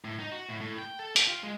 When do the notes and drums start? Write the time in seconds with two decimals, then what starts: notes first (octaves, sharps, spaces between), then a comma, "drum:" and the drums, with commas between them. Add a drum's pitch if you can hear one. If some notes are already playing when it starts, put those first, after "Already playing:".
0.05 A2
0.20 D#4
0.32 F#4
0.49 A2
0.61 A2
0.78 G5
0.99 A4
1.16 G4, drum: hi-hat
1.27 F4
1.43 G#3